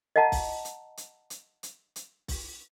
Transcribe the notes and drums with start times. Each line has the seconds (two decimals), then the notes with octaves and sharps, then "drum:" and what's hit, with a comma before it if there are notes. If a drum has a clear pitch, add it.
0.16 D#5 F5 F#5 A5 A#5
0.32 drum: kick B1, open hi-hat
0.65 drum: hi-hat
0.97 drum: hi-hat
1.30 drum: hi-hat
1.63 drum: hi-hat
1.96 drum: hi-hat
2.28 drum: kick B1, open hi-hat